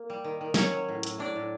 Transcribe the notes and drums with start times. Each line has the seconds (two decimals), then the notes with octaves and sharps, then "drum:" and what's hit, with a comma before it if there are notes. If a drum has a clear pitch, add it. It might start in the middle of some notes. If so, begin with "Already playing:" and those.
Already playing: A#3
0.10 G3
0.24 D#3
0.41 D#3
0.54 F#3 C#4 C#5, drum: snare
0.72 F#3
0.89 A2
1.03 A2, drum: hi-hat
1.18 A2 D4 D5
1.36 A2